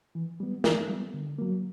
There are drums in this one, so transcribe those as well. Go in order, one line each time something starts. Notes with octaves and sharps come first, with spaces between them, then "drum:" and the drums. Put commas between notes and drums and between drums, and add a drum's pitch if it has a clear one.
E3
G3 B3
E3, drum: snare
G3 B3
D3
F#3 A#3